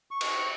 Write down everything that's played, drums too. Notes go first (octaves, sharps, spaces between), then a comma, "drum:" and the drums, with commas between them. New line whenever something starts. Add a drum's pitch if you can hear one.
C#6
drum: cymbal